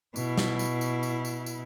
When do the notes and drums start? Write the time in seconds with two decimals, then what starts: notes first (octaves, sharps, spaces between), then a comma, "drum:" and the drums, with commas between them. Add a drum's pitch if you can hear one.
0.16 B2 E4, drum: tambourine
0.38 drum: snare
0.59 drum: tambourine
0.81 drum: tambourine
1.03 drum: tambourine
1.25 drum: tambourine
1.46 drum: tambourine